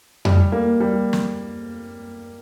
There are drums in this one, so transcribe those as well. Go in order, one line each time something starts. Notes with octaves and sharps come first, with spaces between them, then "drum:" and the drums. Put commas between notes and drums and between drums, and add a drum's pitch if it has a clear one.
G3, drum: tom F2
A#3
G3
drum: snare